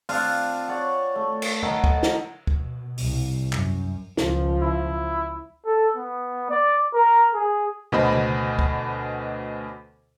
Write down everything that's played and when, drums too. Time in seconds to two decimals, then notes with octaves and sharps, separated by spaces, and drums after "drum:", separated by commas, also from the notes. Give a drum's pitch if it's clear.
0.09 C4 D4 F4 F5, drum: open hi-hat
0.68 C#5 D5 F#5
1.16 A3
1.42 drum: cymbal
1.63 D#3 B3 A4, drum: tom E2
1.84 drum: kick
2.03 drum: snare
2.47 B2, drum: kick
2.98 C2, drum: open hi-hat
3.53 F#2, drum: clap
4.17 C#2 F3, drum: snare
4.62 E4
5.66 A4
5.97 B3
6.51 D5
6.94 A#4
7.35 G#4
7.92 D2 B2 C5 D#5 B5, drum: tom
8.12 drum: tom C#3
8.59 drum: kick